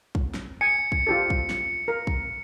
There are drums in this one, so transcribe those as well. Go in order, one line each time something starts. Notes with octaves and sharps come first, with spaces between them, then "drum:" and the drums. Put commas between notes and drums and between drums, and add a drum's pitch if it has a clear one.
drum: kick
drum: snare
G#5 C#7
drum: kick
F4 G4 A4
drum: kick
drum: snare
A#4
drum: kick